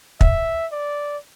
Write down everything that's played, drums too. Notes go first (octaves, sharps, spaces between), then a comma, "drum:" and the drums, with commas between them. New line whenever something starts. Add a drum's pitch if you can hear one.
E5, drum: kick
D5